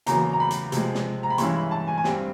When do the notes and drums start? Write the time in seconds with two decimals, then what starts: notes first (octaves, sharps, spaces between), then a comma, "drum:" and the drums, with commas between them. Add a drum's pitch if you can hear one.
0.06 E2 C#3 F#3 A#3 A#5, drum: hi-hat
0.33 A#5
0.40 B5
0.51 drum: hi-hat
0.72 C3 F3 G#3, drum: hi-hat
0.95 drum: snare
1.23 A#5
1.30 B5
1.38 G2 E3 G#3 C#4 E4 C6, drum: hi-hat
1.55 B5
1.71 A5
1.88 G#5
1.98 G#5
2.04 G2 D3 G3 C4 G5, drum: snare